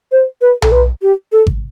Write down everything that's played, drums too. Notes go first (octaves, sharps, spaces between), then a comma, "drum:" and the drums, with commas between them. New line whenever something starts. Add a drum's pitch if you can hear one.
C5
B4
A4, drum: tom B1
B4
G4
A4
drum: kick G#1